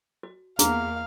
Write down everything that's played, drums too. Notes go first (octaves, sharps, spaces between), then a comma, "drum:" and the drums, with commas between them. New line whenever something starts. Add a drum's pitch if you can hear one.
F#4
E2 A#3 G#4 F5 A#5, drum: hi-hat